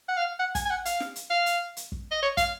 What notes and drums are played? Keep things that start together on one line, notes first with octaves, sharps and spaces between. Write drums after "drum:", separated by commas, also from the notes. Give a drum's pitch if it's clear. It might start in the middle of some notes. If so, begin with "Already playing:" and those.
F#5
F5
F#5
G#5, drum: kick, hi-hat
G#5
F#5
F5, drum: hi-hat
drum: snare
drum: hi-hat
F5
drum: hi-hat
drum: hi-hat
drum: kick
D#5
C#5
F5, drum: kick, hi-hat